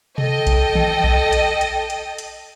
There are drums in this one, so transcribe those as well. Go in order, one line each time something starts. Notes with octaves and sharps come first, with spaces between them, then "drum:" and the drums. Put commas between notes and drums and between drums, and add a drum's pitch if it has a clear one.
A4 D#5 G5, drum: tom B2
drum: kick A#1, hi-hat
drum: tom D#3
drum: kick A#1
drum: hi-hat
drum: hi-hat
drum: hi-hat
drum: hi-hat